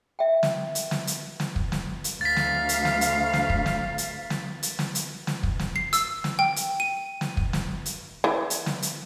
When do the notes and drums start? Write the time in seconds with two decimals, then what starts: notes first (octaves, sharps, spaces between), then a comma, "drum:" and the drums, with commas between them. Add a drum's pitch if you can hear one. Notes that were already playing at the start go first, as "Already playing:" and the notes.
0.19 E5 G5
0.43 drum: snare
0.75 drum: hi-hat
0.91 drum: snare
1.07 drum: hi-hat
1.40 drum: snare
1.56 drum: kick
1.72 drum: snare
2.04 drum: hi-hat
2.21 D2 F5 A6 B6
2.36 drum: snare
2.69 drum: hi-hat
2.85 drum: snare
3.01 drum: hi-hat
3.33 drum: snare
3.50 drum: kick
3.66 drum: snare
3.98 drum: hi-hat
4.30 drum: snare
4.63 drum: hi-hat
4.79 drum: snare
4.95 drum: hi-hat
5.27 drum: snare
5.43 drum: kick
5.59 drum: snare
5.76 C7
5.93 E6, drum: hi-hat
6.24 drum: snare
6.39 G5
6.56 drum: hi-hat
6.80 D#7
7.21 drum: snare
7.37 drum: kick
7.53 drum: snare
7.86 drum: hi-hat
8.24 E3
8.50 drum: hi-hat
8.66 drum: snare
8.82 drum: hi-hat